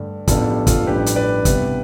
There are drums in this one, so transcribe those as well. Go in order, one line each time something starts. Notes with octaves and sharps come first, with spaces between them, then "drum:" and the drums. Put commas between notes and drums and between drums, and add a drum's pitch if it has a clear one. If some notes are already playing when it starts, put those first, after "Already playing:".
Already playing: G2 D3 A3
A1 A2 F3 B3 D4 F4 A4, drum: kick, hi-hat
G4
F4 A4, drum: kick, hi-hat
A1 G2 F3 G4 B4
drum: hi-hat
B4 D5
C2 C3 G3 B3 D4, drum: kick, hi-hat